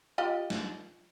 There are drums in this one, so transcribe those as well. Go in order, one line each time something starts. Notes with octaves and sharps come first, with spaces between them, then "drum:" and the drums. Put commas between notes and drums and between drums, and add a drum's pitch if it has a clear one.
F4 G4 D#5
drum: snare